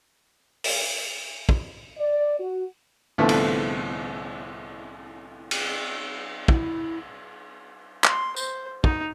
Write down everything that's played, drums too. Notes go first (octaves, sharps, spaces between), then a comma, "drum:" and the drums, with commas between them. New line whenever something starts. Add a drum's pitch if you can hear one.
drum: open hi-hat
drum: kick
D5
F#4
C2 A2 D3 F3 A3 B3
drum: cymbal
drum: cymbal
E4, drum: kick
C6, drum: clap
C5, drum: tambourine
D#4, drum: kick